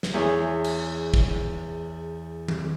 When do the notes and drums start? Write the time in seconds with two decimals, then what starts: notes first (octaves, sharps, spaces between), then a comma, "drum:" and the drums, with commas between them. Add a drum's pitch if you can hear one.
0.03 drum: snare
0.14 E2 G#4 C#5
0.64 drum: cymbal
1.14 drum: kick
2.48 drum: tom D#3